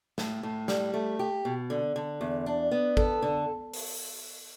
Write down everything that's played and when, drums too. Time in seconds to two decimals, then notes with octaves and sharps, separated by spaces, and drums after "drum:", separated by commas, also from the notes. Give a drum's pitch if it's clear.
0.18 A2, drum: snare
0.43 A2
0.68 G3, drum: snare
0.94 A3
1.19 G4
1.45 B2
1.70 D3
1.96 D3
2.21 E2
2.46 D4
2.71 B3
2.97 A4, drum: kick G#1
3.22 D3
3.74 drum: open hi-hat